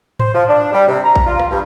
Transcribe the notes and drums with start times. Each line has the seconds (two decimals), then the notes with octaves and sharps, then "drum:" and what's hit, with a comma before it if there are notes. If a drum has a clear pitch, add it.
0.20 C5, drum: tom G#2
0.34 F3
0.48 D4
0.73 G3
0.88 C3
1.04 A#5
1.16 drum: kick A#1
1.26 F4
1.40 drum: rim click
1.50 G2